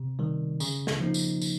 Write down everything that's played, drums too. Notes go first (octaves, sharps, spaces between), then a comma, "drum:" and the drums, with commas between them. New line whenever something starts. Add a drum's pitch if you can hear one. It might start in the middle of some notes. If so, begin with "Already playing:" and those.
Already playing: C3
D#3 G3
C#3, drum: tambourine
drum: snare
F3 A#3 D#4
drum: tambourine
drum: tambourine